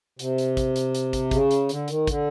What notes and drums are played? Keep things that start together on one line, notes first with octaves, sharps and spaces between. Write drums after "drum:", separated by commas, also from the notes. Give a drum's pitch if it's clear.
C3, drum: hi-hat
drum: hi-hat
drum: kick, hi-hat
drum: hi-hat
drum: hi-hat
drum: kick, hi-hat
C#3, drum: kick, hi-hat
drum: hi-hat
D3, drum: hi-hat
D#3, drum: hi-hat
D3, drum: kick, hi-hat